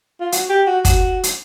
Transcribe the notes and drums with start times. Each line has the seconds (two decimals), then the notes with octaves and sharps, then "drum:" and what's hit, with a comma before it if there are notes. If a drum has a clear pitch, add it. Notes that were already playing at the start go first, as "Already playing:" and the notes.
0.21 F4
0.32 F#4, drum: hi-hat
0.50 G4
0.67 F#4
0.85 F#4, drum: kick, hi-hat
1.23 drum: hi-hat